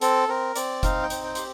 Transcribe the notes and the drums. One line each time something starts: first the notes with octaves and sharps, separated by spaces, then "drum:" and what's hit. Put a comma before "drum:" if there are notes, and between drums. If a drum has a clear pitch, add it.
C4 A4, drum: hi-hat
C4 A#4
C4 D5, drum: hi-hat
D#4 F5, drum: kick F#1, hi-hat
G5
C4, drum: hi-hat
G5
G4 C6, drum: hi-hat